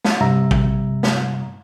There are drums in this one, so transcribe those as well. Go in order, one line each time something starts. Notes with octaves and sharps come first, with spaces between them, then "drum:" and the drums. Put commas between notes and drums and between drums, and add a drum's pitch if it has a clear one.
drum: snare
G2 C3 G3 E5 A#5
drum: kick A1
drum: snare